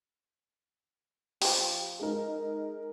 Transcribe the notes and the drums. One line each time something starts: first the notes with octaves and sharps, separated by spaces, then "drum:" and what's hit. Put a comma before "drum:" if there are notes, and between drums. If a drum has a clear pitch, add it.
F3 G4, drum: open hi-hat
G#3 D#4 A#4